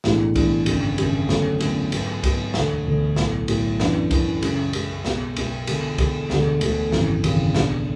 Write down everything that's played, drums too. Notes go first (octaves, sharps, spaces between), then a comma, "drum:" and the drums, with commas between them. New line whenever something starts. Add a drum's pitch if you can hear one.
B1 A2 E3 G#3 D4, drum: snare
B1 A2 E3 G#3 D4, drum: kick, cymbal
G#1 F#2 C#3 G#3 D4, drum: cymbal
G#1 F#2 C#3 G#3 D4, drum: cymbal
E2 D3 F#3 A3 C#4, drum: snare
E2 D3 F#3 A3 C#4, drum: cymbal
G#2 F#3 B3, drum: cymbal
G#2 F#3 B3, drum: kick, cymbal
E1 D2 D3, drum: snare
E1 D2 D3
B1 A2 F#3, drum: snare
B1 A2 F#3, drum: cymbal
F#2 E3 B3 D4, drum: snare
F#2 E3 B3 D4, drum: kick, cymbal
F#2 C#3 G#3, drum: cymbal
F#2 C#3 G#3, drum: cymbal
B1 B2 G#3, drum: snare
B1 B2 G#3, drum: cymbal
E2 D3 G#3, drum: cymbal
E2 D3 G#3, drum: kick, cymbal
E1 D2 D3 G#3, drum: snare
E1 D2 D3 G#3, drum: cymbal
G#1 F#2 C#3 E3, drum: snare
G#1 F#2 C#3 E3, drum: cymbal
B1 B2 G#3 D4, drum: snare